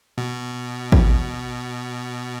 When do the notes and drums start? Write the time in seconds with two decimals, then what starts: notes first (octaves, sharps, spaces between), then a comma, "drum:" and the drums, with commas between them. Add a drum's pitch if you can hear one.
0.18 B2
0.92 drum: kick G#1